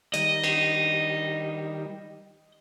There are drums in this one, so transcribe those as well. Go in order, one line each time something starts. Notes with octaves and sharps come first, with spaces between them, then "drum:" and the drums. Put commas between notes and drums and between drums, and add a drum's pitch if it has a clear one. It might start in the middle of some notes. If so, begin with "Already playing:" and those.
D#3 G3 D#5, drum: hi-hat
drum: cymbal